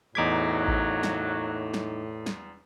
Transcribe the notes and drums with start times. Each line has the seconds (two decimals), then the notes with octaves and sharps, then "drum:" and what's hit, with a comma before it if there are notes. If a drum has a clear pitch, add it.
0.15 A#1 E2 A2 F#3 D#4 D6 G#6 B6
0.68 drum: kick A1
1.03 drum: snare
1.74 drum: snare
2.26 drum: snare